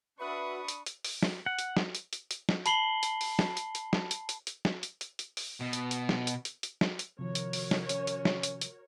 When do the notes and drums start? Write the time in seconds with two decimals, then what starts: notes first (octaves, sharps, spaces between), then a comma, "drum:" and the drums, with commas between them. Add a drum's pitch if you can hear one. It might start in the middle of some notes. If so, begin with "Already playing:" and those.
0.20 D4 F#4 B4 E5 B5 C#6 D#6
0.68 drum: hi-hat
0.86 drum: hi-hat
1.04 drum: open hi-hat
1.23 drum: snare
1.46 F#5
1.59 drum: hi-hat
1.77 drum: snare
1.95 drum: hi-hat
2.13 drum: hi-hat
2.31 drum: hi-hat
2.49 drum: snare
2.66 A5 B5 C7 F#7 G7, drum: hi-hat
3.03 drum: hi-hat
3.21 drum: open hi-hat
3.39 drum: snare
3.57 drum: hi-hat
3.75 drum: hi-hat
3.93 drum: snare
4.11 drum: hi-hat
4.29 drum: hi-hat
4.47 drum: hi-hat
4.65 drum: snare
4.83 drum: hi-hat
5.01 drum: hi-hat
5.19 drum: hi-hat
5.37 drum: open hi-hat
5.61 B2
5.73 drum: hi-hat
5.91 drum: hi-hat
6.09 drum: snare
6.27 drum: hi-hat
6.45 drum: hi-hat
6.63 drum: hi-hat
6.81 drum: snare
6.99 drum: hi-hat
7.19 C3 D#3 F3 F#4 A#4 C#5
7.35 drum: hi-hat
7.53 drum: open hi-hat
7.71 drum: snare
7.89 C#4, drum: hi-hat
8.07 drum: hi-hat
8.25 drum: snare
8.43 drum: hi-hat
8.61 drum: hi-hat